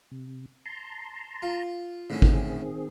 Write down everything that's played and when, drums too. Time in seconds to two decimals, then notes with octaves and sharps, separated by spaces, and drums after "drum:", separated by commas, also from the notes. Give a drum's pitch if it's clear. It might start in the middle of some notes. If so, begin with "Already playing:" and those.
0.11 C3
0.66 A5 A#5 C6
1.42 F4
2.10 A2 D3 D#3 C4 C#4 G#4
2.22 drum: kick G#1